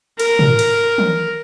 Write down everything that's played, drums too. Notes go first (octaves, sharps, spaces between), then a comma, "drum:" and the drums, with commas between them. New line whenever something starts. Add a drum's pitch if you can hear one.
A#4, drum: cymbal
drum: tom
drum: cymbal
drum: tom